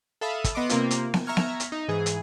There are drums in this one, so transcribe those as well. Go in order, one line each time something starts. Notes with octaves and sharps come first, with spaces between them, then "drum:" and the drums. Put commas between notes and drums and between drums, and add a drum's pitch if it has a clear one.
A4 E5 F5 B5 D#6
drum: kick, hi-hat
B3 D#5 C6 D6
C3 A#3 C4 F4, drum: hi-hat
drum: hi-hat
drum: snare B3
E5 A#5 C#6 F6 G#6
drum: snare B3
drum: hi-hat
D#4
G#2 E3 G#4
drum: hi-hat